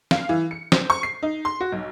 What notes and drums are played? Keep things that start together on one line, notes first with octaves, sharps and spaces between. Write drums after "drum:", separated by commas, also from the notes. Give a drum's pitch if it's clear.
F5, drum: snare
E3
C#7
C5, drum: snare
C#6
C7
D#4
C6
F#4
B1